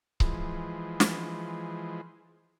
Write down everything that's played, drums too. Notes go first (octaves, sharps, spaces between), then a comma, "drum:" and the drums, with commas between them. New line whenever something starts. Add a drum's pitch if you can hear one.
E3 F3 G#3, drum: kick C#1
drum: snare